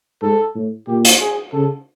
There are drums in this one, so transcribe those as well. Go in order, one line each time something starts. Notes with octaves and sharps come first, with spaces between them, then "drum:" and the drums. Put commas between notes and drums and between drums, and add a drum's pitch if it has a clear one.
G#2 A4
A2
A#2 G4
drum: hi-hat
G#4
C#3 A4